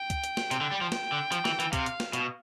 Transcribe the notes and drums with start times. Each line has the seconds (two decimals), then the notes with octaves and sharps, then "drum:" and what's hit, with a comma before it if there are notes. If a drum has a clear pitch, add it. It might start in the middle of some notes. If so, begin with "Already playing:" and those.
Already playing: G5
0.10 drum: kick C#2, hi-hat
0.24 drum: hi-hat
0.37 drum: snare
0.51 C3, drum: hi-hat
0.61 D3
0.72 G3
0.81 F3
0.92 G5, drum: snare
1.12 D3
1.32 F3, drum: hi-hat
1.45 E3, drum: snare
1.60 E3, drum: hi-hat
1.73 C3 F5, drum: kick C#2, hi-hat
1.86 drum: hi-hat
2.00 drum: snare
2.13 B2, drum: hi-hat